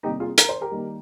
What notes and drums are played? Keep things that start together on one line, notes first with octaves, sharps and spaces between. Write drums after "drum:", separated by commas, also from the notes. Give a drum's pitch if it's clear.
C3 G3 A#3 D#4 G4
F4 G#4
A#4, drum: hi-hat
C5
G4 A#4
D#3 G3 A#3